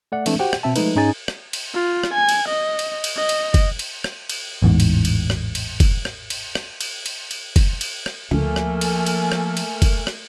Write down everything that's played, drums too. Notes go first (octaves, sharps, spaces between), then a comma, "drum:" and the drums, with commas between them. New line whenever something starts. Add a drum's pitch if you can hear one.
A3 D5 F#5
E3 G#3 A3 C4 D4, drum: cymbal
F#4 G4 C5 F#5 G5
drum: rim click
B2 C4 E5 A5
F3 G#3 A3 D#4 B4, drum: cymbal
G#2 C#4 D#4 G#4 G#5 A6
drum: rim click
drum: cymbal
F4
drum: rim click
G#5
drum: cymbal
D#5
drum: cymbal
drum: cymbal
D#5
drum: cymbal
drum: kick, cymbal
drum: cymbal
drum: rim click
drum: cymbal
A1 E2 G#2
drum: cymbal
drum: cymbal
drum: rim click
drum: cymbal
drum: kick, cymbal
drum: rim click
drum: cymbal
drum: rim click
drum: cymbal
drum: cymbal
drum: cymbal
drum: kick, cymbal
drum: cymbal
drum: rim click
D2 F3 A3 A#3 A4 G#5 F6
drum: rim click
drum: cymbal
drum: cymbal
drum: rim click
drum: cymbal
drum: kick, cymbal
drum: rim click